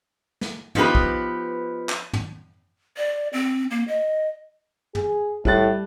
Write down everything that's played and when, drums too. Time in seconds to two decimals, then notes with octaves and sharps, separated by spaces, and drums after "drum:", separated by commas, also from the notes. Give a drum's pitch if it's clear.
0.41 drum: snare
0.75 F3 B3 D#4 G4 B4, drum: tom
0.95 drum: kick
1.89 drum: clap
2.13 drum: tom
2.97 D5
3.33 C4
3.71 A#3
3.88 D#5
4.95 G#4, drum: tom
5.45 A2 G3 F#6 A6, drum: kick